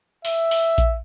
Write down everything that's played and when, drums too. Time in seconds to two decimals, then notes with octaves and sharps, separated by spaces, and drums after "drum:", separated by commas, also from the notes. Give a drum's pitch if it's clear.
0.25 E5, drum: open hi-hat
0.51 drum: open hi-hat
0.78 drum: kick A#1, hi-hat